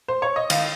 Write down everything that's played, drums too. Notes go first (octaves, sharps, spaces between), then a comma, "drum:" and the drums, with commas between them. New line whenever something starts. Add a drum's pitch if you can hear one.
C5
C#5
D#5
D#3 F5, drum: cymbal